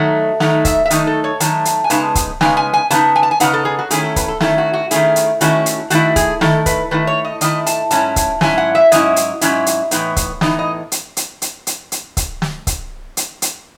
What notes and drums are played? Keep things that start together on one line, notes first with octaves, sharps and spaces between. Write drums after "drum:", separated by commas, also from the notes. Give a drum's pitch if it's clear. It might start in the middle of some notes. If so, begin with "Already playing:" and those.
Already playing: D#3 F#3 A3 D#4 F#5
D#3 F#3 A3 D#4 F#5, drum: snare
E5, drum: kick C#1, hi-hat
E5
D#3 F#3 A3 D#4 D#5, drum: hi-hat
A4
C#5
D#3 F#3 A3 D#4 A5, drum: hi-hat
drum: hi-hat
G#5
C#3 G#3 B3 D#4 A5, drum: hi-hat
drum: kick C#1, hi-hat
C#3 G#3 B3 D#4 G#5, drum: snare
G#5
G#5
C#3 G#3 B3 D#4 A5, drum: hi-hat
G#5
A5
G#5
C#3 G#3 B3 D#4 F#5, drum: hi-hat
A4
G#4
F#4
D#3 A3 C#4 E4 G#4, drum: hi-hat
A4
B4, drum: kick C#1, hi-hat
A4
D#3 A3 C#4 E4 A4, drum: snare
F#4
F#4
D#3 A3 C#4 E4 G#4, drum: hi-hat
drum: hi-hat
D#3 A3 C#4 E4 F#4, drum: hi-hat
drum: hi-hat
D#3 A3 E4 F#4, drum: hi-hat
G#4, drum: kick C#1, hi-hat
D#3 A3 E4 A4, drum: snare
B4, drum: kick C#1, hi-hat
D#3 A3 E4 B4
C#5
D#5
D#3 A3 E4 D#5, drum: hi-hat
A5, drum: hi-hat
G#2 F#3 C#4 E4 A5, drum: hi-hat
drum: kick C#1, hi-hat
G#2 F#3 C#4 E4 G#5, drum: snare
F#5
E5
G#2 F#3 C#4 E4 D#5, drum: hi-hat
drum: hi-hat
G#2 F#3 C#4 E4, drum: hi-hat
drum: hi-hat
A2 E3 B3 D#4, drum: hi-hat
drum: kick C#1, hi-hat
A2 E3 B3 D#4 D#5, drum: snare
D#5
drum: hi-hat
drum: hi-hat
drum: hi-hat
drum: hi-hat
drum: hi-hat
drum: kick C#1, hi-hat
drum: snare
drum: kick C#1, hi-hat
drum: hi-hat
drum: hi-hat